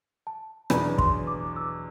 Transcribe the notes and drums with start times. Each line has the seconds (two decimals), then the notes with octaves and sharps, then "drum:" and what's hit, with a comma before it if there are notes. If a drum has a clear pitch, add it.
0.27 A5
0.70 E2 B2 F#3 B3 D4 B5, drum: rim click
0.98 C6, drum: kick
1.27 D6
1.47 D6
1.56 E6